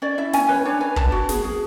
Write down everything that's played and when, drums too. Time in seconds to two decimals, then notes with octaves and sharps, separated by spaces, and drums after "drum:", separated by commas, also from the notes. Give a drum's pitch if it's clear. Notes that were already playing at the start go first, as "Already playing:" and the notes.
0.02 C#4 D5
0.18 E4 E5
0.33 C#4 G#5, drum: snare
0.49 B4 C#5
0.65 D4 C#5
0.80 B4 G#5
0.96 B4 A5, drum: kick
1.12 F#4
1.29 G#4, drum: snare
1.44 G#4